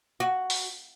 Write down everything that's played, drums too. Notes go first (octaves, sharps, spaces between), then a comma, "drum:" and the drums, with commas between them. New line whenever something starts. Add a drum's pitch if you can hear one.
F#4
drum: open hi-hat